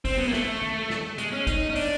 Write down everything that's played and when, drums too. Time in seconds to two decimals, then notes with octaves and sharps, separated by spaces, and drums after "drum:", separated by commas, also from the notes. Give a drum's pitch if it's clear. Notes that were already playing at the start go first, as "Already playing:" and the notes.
0.05 C4, drum: kick, open hi-hat
0.18 B3
0.28 A#3
0.33 A3, drum: snare
0.62 drum: tom D#3
0.90 drum: snare
1.18 G#3, drum: hi-hat
1.33 C#4
1.47 D#4, drum: kick, hi-hat
1.70 C#4
1.75 D4, drum: open hi-hat